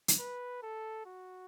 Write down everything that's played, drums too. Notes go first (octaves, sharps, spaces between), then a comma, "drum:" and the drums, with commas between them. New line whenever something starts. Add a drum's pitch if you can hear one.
drum: hi-hat
B4
A4
F#4